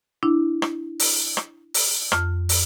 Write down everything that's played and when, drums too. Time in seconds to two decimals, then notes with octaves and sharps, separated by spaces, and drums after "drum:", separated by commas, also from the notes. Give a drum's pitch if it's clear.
0.23 D4 E4
0.62 drum: rim click
1.00 drum: open hi-hat
1.37 drum: rim click
1.74 drum: open hi-hat
2.12 F2 F6, drum: rim click
2.49 drum: open hi-hat